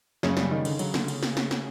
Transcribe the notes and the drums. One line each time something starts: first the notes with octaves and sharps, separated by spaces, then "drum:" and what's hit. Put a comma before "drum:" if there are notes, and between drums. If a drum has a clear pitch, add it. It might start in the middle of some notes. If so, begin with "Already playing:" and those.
F#2 C#3, drum: snare
G3, drum: snare
D#3
D3, drum: cymbal
F#3, drum: cymbal
D3, drum: snare
drum: cymbal
drum: snare
drum: snare
drum: snare